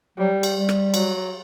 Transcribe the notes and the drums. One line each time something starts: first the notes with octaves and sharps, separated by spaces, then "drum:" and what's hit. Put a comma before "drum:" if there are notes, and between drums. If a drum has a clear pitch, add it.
F#3 G3
drum: cymbal
G3
drum: rim click
F#3, drum: cymbal